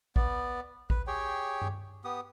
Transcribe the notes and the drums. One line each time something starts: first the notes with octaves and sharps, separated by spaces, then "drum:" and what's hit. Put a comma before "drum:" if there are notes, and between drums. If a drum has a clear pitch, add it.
B3 D5, drum: kick A1
B4, drum: kick A1
G4 G#4 C#5 G5
drum: tom G2
B3 G4 D#6